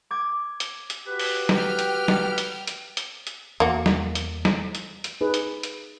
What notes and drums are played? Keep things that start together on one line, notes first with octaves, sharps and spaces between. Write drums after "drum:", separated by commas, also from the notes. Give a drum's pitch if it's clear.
D6 G#6
drum: hi-hat
drum: hi-hat
F#4 G4 B4
drum: open hi-hat
G5 F6, drum: snare
drum: hi-hat
drum: snare
drum: hi-hat
drum: hi-hat
drum: hi-hat
drum: hi-hat
E2 A#3 F#4
drum: snare
drum: hi-hat
drum: snare
drum: hi-hat
drum: hi-hat
D#4 G#4 B4
drum: hi-hat
drum: hi-hat